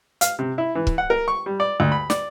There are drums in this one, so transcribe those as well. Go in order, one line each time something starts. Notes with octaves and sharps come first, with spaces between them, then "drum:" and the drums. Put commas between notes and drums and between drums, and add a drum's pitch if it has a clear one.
F5, drum: hi-hat
C3
E4
E3
drum: kick
F#5
A#4
C#6
G3
D5
D2
B5
D5, drum: snare